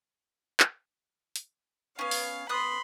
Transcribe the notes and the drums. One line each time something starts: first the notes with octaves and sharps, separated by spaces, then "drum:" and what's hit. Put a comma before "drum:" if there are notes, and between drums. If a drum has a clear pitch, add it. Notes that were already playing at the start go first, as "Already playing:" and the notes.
drum: clap
drum: hi-hat
B3 C#4 F5
drum: open hi-hat
B3 B5 C6 D#6 F#6